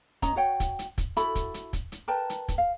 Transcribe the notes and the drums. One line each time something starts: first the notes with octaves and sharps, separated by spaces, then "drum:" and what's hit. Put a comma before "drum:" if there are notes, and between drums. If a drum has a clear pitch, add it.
C#4 D#5 A#5, drum: kick, hi-hat
F#4 C#5 F#5 G5
drum: kick, hi-hat
drum: hi-hat
drum: kick, hi-hat
E4 F#4 A4 B5, drum: hi-hat
drum: kick, hi-hat
drum: hi-hat
drum: kick, hi-hat
drum: hi-hat
A#4 B4 G5 A5
drum: hi-hat
drum: kick, hi-hat
F5